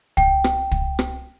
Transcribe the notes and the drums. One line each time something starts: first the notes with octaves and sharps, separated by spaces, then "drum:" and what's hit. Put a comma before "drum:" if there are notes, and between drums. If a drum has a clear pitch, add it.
G5, drum: kick
drum: rim click
drum: kick
drum: rim click